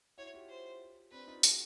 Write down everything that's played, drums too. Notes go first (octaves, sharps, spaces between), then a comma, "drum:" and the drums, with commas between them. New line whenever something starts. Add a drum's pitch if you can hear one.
E4 F#4 C#5
F4 G4
C5
C4 D4 B4
D#4 F4
F#4 G#4, drum: tambourine